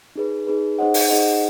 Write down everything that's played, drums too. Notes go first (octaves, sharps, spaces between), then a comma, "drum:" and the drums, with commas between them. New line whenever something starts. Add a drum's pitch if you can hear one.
D#4 G#4 B4
D#4 G#4 B4
D#4 G#4 C5 D#5 F#5
drum: open hi-hat
D#4 G#4 C5 D#5 F#5